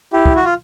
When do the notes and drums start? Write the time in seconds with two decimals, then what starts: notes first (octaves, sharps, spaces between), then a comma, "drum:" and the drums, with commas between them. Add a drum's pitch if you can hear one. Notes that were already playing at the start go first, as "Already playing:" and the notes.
0.13 E4 G4
0.26 drum: kick
0.36 F#4
0.45 F4